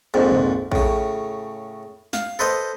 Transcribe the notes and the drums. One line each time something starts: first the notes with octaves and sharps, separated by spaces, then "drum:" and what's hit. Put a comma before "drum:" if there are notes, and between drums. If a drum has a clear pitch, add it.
A#1 F2 G#2
drum: tom
A2 C#3, drum: kick A#1
F5, drum: snare
A4 B4 C5 D#5